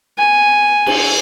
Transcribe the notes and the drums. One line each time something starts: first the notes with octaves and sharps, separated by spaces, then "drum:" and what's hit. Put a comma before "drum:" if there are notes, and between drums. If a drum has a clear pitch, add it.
G#5
drum: cymbal